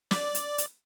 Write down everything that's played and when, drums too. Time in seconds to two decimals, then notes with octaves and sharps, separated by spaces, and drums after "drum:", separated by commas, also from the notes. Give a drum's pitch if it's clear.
0.11 D5, drum: snare
0.35 drum: hi-hat
0.58 drum: hi-hat